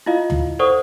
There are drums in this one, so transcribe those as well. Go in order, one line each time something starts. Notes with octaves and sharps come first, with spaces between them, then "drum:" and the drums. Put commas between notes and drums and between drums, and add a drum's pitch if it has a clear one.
E4 F4 D#5 F5
drum: tom
A4 C5 D5 F#5 C#6 D#6